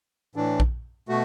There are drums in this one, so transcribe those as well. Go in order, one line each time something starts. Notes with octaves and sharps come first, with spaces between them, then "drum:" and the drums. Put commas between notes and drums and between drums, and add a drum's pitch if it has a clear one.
A2 E3 D4
drum: kick A#1
B2 A3 F#4